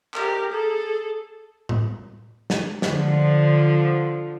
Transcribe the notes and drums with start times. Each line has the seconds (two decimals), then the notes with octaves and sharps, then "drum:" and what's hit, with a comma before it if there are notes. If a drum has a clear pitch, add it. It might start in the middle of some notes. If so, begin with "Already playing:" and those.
0.14 G4 A#4, drum: clap
0.50 G#4 A4
1.69 drum: tom A2
2.50 drum: snare
2.82 D3 F3, drum: snare